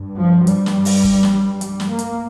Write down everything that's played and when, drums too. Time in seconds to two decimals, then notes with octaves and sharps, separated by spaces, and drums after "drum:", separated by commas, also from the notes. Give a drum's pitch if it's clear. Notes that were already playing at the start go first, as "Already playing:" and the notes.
Already playing: G2
0.19 F3
0.47 G3, drum: hi-hat
0.66 drum: snare
0.85 drum: open hi-hat
1.04 drum: kick
1.23 drum: snare
1.61 G3, drum: hi-hat
1.80 drum: snare
1.89 A#3
1.99 drum: hi-hat